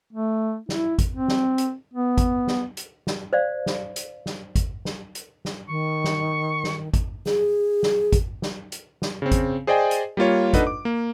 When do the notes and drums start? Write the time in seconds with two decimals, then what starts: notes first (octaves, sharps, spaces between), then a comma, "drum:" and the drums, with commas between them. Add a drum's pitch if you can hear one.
0.13 A3
0.69 E4, drum: snare
0.99 drum: kick G#1, hi-hat
1.11 C4
1.28 drum: snare
1.58 drum: hi-hat
1.94 B3
2.18 drum: kick G#1, hi-hat
2.47 drum: snare
2.77 drum: hi-hat
3.07 drum: snare
3.33 C5 D5 F5
3.66 drum: snare
3.96 drum: hi-hat
4.26 drum: snare
4.56 drum: kick G#1, hi-hat
4.85 drum: snare
5.15 drum: hi-hat
5.45 drum: snare
5.69 D#3 C#6
6.04 drum: snare
6.64 drum: snare
6.94 drum: kick G#1, hi-hat
7.26 G#4, drum: snare
7.83 drum: snare
8.13 drum: kick G#1, hi-hat
8.42 drum: snare
8.72 drum: hi-hat
9.02 drum: snare
9.22 C#3 C4
9.32 drum: kick G#1, hi-hat
9.67 G#4 C5 D5 D#5 G5 G#5
9.91 drum: hi-hat
10.17 G3 A#3 F4 C#5
10.53 D4 D#4 A4 B4 D#5 F#5, drum: kick G#1, hi-hat
10.67 D6
10.85 A#3